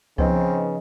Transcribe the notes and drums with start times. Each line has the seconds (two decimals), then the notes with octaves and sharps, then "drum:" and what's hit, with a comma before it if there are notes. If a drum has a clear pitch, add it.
0.18 C#3 F3 B3 C4 D#4, drum: kick C#2